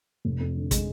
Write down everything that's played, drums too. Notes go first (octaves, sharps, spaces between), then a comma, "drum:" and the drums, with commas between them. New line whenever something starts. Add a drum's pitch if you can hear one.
F1
F2
D3
G#3, drum: kick, hi-hat